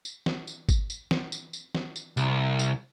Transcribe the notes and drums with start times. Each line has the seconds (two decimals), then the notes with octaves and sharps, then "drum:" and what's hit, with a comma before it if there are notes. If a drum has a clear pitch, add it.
0.05 drum: tambourine
0.26 drum: snare
0.47 drum: tambourine
0.69 drum: kick G1, tambourine
0.90 drum: tambourine
1.11 drum: snare
1.32 drum: tambourine
1.53 drum: tambourine
1.75 drum: snare
1.96 drum: tambourine
2.17 C2, drum: tambourine
2.59 drum: tambourine